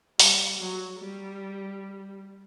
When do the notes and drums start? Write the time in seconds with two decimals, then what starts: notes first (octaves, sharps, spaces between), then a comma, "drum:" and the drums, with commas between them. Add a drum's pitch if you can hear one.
0.19 G3, drum: open hi-hat
0.59 F#3
0.99 G3